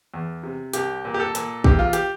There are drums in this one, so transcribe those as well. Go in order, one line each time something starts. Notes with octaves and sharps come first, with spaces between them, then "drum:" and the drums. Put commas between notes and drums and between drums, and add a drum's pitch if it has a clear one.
E2
C3
C2 G4, drum: hi-hat
A#2
G4
A4
A#2, drum: hi-hat
E2 G4, drum: kick
F4
G4, drum: hi-hat